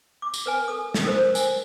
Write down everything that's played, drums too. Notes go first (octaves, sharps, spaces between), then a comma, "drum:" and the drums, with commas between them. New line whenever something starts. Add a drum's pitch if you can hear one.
D6
drum: tambourine
A#4 B4 G#5
A4 D#6
drum: snare
A4 A#4 C5
G#5, drum: tambourine